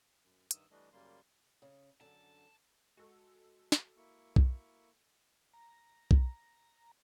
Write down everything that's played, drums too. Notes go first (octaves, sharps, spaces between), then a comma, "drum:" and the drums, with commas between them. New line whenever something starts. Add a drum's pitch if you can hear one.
F#2
G2 D#3 D#6 E6, drum: hi-hat
E3 G3 A3 D4 D#5
F#2 C#3 G3 A#3 C6
C#3
F#2 D3 A5
G#3 F#4 A4
drum: snare
A#3 E4 C#6
drum: kick B1
A#5
drum: kick B1